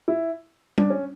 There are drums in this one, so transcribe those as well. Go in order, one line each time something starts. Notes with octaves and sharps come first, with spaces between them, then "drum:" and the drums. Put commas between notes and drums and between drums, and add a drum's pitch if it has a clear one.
E4
D4, drum: tom
C#4